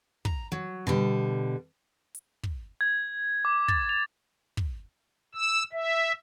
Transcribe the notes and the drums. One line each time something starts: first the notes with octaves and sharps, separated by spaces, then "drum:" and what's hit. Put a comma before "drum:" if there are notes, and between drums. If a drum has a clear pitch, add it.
A#5, drum: kick
F#3
B2 D3 G3
drum: hi-hat
drum: kick
G#6
D6
A6, drum: kick
F7
drum: kick
E6
E5